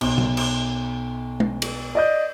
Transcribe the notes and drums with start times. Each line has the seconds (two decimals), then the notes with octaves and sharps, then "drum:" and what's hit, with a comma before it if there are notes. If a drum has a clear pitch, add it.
0.01 B1, drum: cymbal
0.18 drum: tom B2
0.37 drum: cymbal
1.40 drum: tom G#3
1.62 drum: cymbal
1.95 D5 D#5 G6